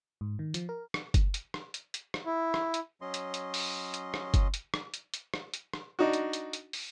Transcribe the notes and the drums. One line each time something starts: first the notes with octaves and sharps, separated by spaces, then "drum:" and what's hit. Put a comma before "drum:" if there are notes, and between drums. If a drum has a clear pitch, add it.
G#2
D#3
F3, drum: hi-hat
A#4
drum: rim click
drum: kick F#1, hi-hat
drum: hi-hat
drum: rim click
drum: hi-hat
drum: hi-hat
drum: rim click
E4
drum: rim click
drum: hi-hat
F#3 C#4 D#5 C6
drum: hi-hat
drum: hi-hat
drum: open hi-hat
drum: hi-hat
drum: rim click
drum: kick F#1, hi-hat
drum: hi-hat
drum: rim click
drum: hi-hat
drum: hi-hat
drum: rim click
drum: hi-hat
drum: rim click
D4 D#4 F#4
drum: hi-hat
drum: hi-hat
drum: hi-hat
drum: open hi-hat